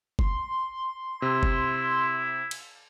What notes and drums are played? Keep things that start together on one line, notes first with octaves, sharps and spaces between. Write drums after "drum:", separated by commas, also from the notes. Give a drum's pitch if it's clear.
C6, drum: kick F#1
C3 E4
drum: kick F#1
drum: cymbal